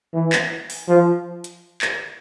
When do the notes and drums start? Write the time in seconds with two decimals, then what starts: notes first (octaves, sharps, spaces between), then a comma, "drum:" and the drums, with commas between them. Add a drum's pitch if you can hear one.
0.14 E3
0.32 drum: clap
0.70 drum: open hi-hat
0.88 F3
1.44 drum: hi-hat
1.82 drum: clap